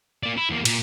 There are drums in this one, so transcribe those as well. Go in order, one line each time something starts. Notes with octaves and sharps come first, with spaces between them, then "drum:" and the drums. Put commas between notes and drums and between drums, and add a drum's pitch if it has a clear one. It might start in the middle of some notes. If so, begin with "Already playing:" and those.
A#3 D5
E4
E2 A#3
A#2, drum: cymbal